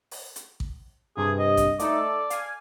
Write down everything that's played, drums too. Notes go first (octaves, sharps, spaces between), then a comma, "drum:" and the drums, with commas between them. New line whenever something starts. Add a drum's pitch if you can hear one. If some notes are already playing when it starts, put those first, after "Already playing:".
drum: open hi-hat
drum: hi-hat
drum: kick A1
G2 C3 G#4
D#5
drum: kick A1, hi-hat
A3 D#4 A4 D5, drum: hi-hat
A4
F5 G#5, drum: hi-hat